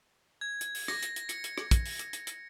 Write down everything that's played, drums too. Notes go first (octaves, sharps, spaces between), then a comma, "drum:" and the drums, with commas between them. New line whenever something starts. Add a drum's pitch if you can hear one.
G#6
drum: hi-hat
drum: open hi-hat
A#6, drum: rim click
drum: hi-hat
drum: hi-hat
C#7, drum: hi-hat
drum: hi-hat
drum: rim click
drum: kick, hi-hat
drum: open hi-hat
drum: hi-hat
drum: hi-hat
drum: hi-hat